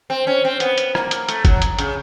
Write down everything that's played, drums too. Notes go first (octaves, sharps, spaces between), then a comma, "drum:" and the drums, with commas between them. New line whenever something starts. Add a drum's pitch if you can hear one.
C4
C#4
C4
B3, drum: hi-hat
drum: hi-hat
A#3, drum: rim click
drum: hi-hat
A3, drum: hi-hat
F#3, drum: kick, hi-hat
drum: hi-hat
C#3, drum: hi-hat